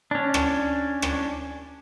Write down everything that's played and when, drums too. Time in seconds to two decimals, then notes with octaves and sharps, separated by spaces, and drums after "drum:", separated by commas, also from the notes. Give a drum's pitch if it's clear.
0.11 C#4 D4
0.34 drum: rim click
1.02 drum: rim click